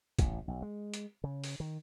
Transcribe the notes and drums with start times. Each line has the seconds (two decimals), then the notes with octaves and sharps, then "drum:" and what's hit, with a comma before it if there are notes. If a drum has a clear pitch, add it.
0.19 A1, drum: kick, hi-hat
0.48 B1
0.62 G#3
0.94 drum: hi-hat
1.24 C#3
1.44 drum: open hi-hat
1.60 D#3